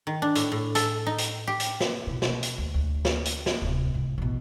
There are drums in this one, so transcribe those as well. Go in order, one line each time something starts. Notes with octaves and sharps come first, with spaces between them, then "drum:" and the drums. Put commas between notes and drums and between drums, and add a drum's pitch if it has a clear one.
D#3
D4
A2, drum: hi-hat
A2
A4, drum: hi-hat
D#4
drum: hi-hat
G4
drum: hi-hat
drum: snare
B2 E4
drum: snare
drum: hi-hat
D2
D2
drum: snare
drum: hi-hat
drum: snare
D1 C2
C2 A2
A1 B2